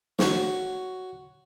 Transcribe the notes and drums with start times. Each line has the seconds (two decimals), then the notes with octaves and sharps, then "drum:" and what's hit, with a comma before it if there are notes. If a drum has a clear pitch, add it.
0.19 F#4 C#5, drum: snare